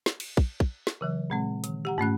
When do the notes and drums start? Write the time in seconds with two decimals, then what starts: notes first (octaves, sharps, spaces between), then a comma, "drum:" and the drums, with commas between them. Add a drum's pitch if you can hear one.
0.06 drum: snare
0.20 drum: cymbal
0.37 drum: kick
0.60 drum: kick
0.87 drum: snare
1.01 C#3 E3 F#3
1.30 A#2 G#3 C4
1.64 D#3, drum: hi-hat
1.85 G4 F#5 A#5
1.98 G#2 A3 C#4 F#6